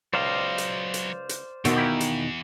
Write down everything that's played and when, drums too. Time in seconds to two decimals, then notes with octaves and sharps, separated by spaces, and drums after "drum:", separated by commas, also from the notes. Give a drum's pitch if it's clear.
0.14 C#2 F#3 C5 D5 D#5 F5
0.58 drum: hi-hat
0.94 drum: hi-hat
1.29 drum: hi-hat
1.65 E2 B2 D3 D#3 E5, drum: hi-hat
1.76 A#3 E4 G4
2.00 drum: hi-hat